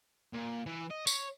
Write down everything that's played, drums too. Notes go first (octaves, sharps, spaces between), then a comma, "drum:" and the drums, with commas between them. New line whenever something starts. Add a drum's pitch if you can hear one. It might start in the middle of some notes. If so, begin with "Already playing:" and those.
A#2
E3
D#5
C#5, drum: tambourine